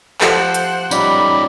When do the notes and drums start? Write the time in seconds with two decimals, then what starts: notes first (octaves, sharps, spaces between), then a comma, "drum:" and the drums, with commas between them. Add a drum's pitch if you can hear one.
0.21 F3 G4 A4 C5 F#5, drum: clap
0.54 drum: hi-hat
0.91 G3 C#4 D#4 F4 D5 B5, drum: tambourine